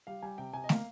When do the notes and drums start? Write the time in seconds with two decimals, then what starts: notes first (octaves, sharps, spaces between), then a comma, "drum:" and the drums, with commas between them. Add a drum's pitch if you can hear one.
0.07 G3 F5
0.22 G3 G#5
0.38 C3 G5
0.54 C3 G#5
0.64 D#5
0.69 A#3 F5, drum: snare